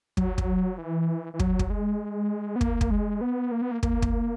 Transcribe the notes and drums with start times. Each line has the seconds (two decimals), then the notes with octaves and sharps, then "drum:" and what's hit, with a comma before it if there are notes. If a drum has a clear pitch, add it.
0.17 F#3, drum: kick
0.38 drum: kick
0.78 E3
1.34 E3
1.39 F#3, drum: kick
1.59 drum: kick
1.70 G#3
2.56 B3
2.61 A#3, drum: kick
2.81 drum: kick
2.91 G#3
3.21 B3
3.52 A#3
3.62 B3
3.71 A#3
3.83 A#3, drum: kick
4.02 drum: kick